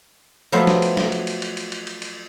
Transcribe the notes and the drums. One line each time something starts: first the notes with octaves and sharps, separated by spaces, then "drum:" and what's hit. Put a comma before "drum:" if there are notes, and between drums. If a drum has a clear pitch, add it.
F3 F#3 A3 B3 C5 E5
drum: snare
drum: cymbal
drum: snare
drum: cymbal
drum: cymbal
drum: cymbal
drum: cymbal
drum: cymbal
drum: cymbal
drum: cymbal